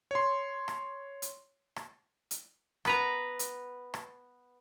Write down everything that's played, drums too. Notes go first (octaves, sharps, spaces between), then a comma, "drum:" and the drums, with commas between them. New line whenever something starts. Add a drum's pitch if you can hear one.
C#5 C6
drum: rim click
drum: hi-hat
drum: rim click
drum: hi-hat
B3 B4 A#5, drum: rim click
drum: hi-hat
drum: rim click